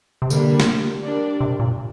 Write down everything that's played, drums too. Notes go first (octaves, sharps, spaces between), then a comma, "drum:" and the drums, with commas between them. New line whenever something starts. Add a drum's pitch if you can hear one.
C3
D3 G3 A#3 D4, drum: tambourine
drum: snare
G3 D4 A#4 D5
C3
A#2